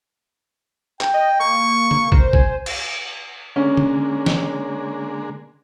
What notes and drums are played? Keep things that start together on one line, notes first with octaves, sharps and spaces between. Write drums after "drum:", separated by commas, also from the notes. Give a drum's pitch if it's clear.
G5, drum: clap
D#5
A#3 C#6
drum: tom D3
A#4 C5, drum: kick
G#5, drum: kick
drum: cymbal
D3 G#3 A#3 C#4
drum: tom D3
drum: snare